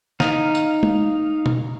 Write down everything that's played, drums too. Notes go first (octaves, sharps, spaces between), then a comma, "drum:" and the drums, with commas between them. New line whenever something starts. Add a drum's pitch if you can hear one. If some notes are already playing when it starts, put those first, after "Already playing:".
D#4 F5, drum: snare
drum: tambourine
drum: tom
drum: tom B2